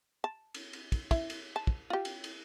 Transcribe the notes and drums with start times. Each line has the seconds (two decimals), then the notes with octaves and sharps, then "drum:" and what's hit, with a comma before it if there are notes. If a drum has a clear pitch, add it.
0.24 A5
0.54 drum: cymbal
0.73 drum: cymbal
0.92 drum: kick, cymbal
1.11 E4, drum: kick, cymbal
1.30 drum: cymbal
1.56 A5
1.67 drum: kick
1.90 F4 G4
2.05 drum: cymbal
2.24 drum: cymbal